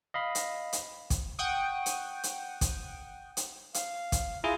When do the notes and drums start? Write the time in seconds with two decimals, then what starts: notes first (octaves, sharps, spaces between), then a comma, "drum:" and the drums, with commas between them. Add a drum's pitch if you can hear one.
0.14 D#5 F5 B5
0.35 drum: hi-hat
0.73 drum: hi-hat
1.10 drum: kick, hi-hat
1.39 F#5 G5 C#6 D#6
1.86 drum: hi-hat
2.24 drum: hi-hat
2.61 drum: kick, hi-hat
3.37 drum: hi-hat
3.74 F5, drum: hi-hat
4.12 drum: kick, hi-hat
4.44 E4 F4 G#4 A#5